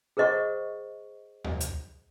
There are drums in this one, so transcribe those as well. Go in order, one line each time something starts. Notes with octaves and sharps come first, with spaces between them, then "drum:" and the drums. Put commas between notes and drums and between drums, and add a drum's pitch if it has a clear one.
G#4 A#4 C5 D#5 F#5 C#6
drum: tom D#2
drum: hi-hat